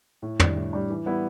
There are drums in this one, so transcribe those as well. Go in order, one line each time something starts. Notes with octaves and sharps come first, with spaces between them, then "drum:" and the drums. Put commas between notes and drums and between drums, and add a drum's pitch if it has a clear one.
A2
G3 D4, drum: tom
A2
G3 D4
E3
G3 B3 E4